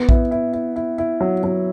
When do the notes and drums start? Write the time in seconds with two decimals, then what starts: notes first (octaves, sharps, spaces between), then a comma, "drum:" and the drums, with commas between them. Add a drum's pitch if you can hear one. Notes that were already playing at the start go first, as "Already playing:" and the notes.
Already playing: B3
0.09 E4, drum: kick A#1
0.31 E4
0.53 E4
0.76 E4
0.98 E4
1.21 F#3
1.44 F#3